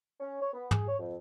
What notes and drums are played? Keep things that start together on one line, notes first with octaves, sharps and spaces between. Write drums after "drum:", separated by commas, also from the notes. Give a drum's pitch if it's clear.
C#4
C#5
B3
G#4, drum: tom
C#5
F2